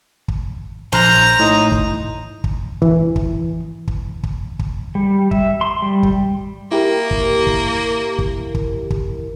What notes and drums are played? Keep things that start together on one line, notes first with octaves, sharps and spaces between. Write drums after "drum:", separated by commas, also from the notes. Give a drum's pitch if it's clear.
drum: kick
A#1 C5 A#5 F6 F#6
A2 D#4
drum: kick
drum: kick
E3, drum: kick
drum: kick
drum: kick
drum: kick
drum: kick
G3
E5, drum: kick
C6
G3
drum: kick
A#3 E4 G4 A#4
drum: kick
drum: kick
drum: kick
drum: kick
drum: kick